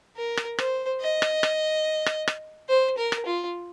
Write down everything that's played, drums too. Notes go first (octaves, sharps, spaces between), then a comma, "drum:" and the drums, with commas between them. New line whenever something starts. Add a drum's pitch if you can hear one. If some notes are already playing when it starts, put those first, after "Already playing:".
A#4
drum: rim click
C5, drum: rim click
D#5
drum: rim click
drum: rim click
drum: rim click
drum: rim click
C5
A#4
drum: rim click
F4